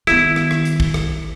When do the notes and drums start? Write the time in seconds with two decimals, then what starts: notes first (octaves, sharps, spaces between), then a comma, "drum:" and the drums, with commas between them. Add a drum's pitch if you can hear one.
0.07 D#3 B3 E4, drum: rim click
0.36 drum: rim click
0.51 drum: rim click
0.65 drum: hi-hat
0.80 drum: kick
0.94 drum: rim click